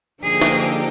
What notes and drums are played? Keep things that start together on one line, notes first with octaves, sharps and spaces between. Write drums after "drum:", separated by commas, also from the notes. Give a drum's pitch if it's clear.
D3 F3 A#3 D#4 G4 G#4
drum: snare